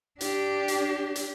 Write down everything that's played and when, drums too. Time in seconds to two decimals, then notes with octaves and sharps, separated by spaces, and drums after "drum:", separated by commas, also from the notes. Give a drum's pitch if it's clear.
0.21 D4 G4, drum: hi-hat
0.68 drum: hi-hat
1.16 drum: hi-hat